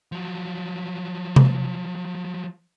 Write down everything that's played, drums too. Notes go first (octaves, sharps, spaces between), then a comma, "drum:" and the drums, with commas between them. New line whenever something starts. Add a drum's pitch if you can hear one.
F3 F#3
drum: tom C3